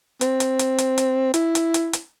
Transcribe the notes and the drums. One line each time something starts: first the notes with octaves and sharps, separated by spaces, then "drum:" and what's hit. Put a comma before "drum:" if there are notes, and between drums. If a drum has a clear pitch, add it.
C4, drum: hi-hat
drum: hi-hat
drum: hi-hat
drum: hi-hat
drum: hi-hat
E4, drum: hi-hat
drum: hi-hat
drum: hi-hat
drum: hi-hat